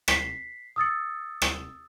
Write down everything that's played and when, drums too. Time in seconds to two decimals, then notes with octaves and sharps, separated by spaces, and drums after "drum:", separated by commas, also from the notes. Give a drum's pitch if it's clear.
0.08 B6 C7, drum: rim click
0.76 D#6 E6 A6 C#7
1.42 drum: rim click